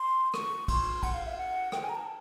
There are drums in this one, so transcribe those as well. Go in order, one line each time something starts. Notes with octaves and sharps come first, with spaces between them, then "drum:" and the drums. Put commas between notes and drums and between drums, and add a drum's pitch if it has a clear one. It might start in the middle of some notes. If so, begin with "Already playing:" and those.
Already playing: C6
C#6, drum: rim click
C6, drum: kick A#1, cymbal
F#5, drum: kick A#1, cymbal
F5
E5
F5
F#5
G5, drum: rim click
G#5
A#5
A5